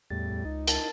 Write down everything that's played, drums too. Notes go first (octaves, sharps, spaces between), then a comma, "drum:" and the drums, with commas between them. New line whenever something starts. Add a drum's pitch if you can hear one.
E2 A2 G3 A6
E2
C#2 D#4
A#4 A5 A6, drum: hi-hat